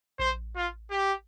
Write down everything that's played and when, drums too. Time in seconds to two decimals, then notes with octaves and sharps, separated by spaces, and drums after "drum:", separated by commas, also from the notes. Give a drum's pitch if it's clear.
0.19 C5, drum: kick A#1
0.56 F4
0.91 G4